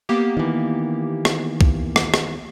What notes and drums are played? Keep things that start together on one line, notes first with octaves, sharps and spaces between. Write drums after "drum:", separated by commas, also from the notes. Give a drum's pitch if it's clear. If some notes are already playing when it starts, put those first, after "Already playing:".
A#3 B3 G4
D#3 E3
drum: rim click
drum: kick C2
drum: rim click
drum: rim click